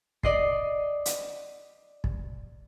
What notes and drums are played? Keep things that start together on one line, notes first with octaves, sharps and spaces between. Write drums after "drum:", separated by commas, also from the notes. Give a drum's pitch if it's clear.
D5 D#5 C7, drum: kick
drum: hi-hat
drum: kick